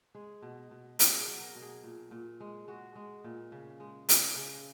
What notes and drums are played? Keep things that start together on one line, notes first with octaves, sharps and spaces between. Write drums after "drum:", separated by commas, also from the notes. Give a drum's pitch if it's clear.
G#3 G#4
B2
B2
B2 G#4, drum: hi-hat
G#4
F#3
A#4
B2
G#4
A#2
A#2
G#3
G#3 F#4
G#3
A#2
C#3
G#3
C#3, drum: hi-hat
C#3 G#4